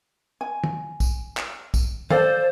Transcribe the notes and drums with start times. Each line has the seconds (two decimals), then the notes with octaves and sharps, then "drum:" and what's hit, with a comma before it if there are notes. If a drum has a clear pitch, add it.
0.41 G#5
0.64 drum: tom
1.00 drum: kick, tambourine
1.37 drum: clap
1.74 drum: kick, tambourine
2.11 A4 C5 D5 F5, drum: tom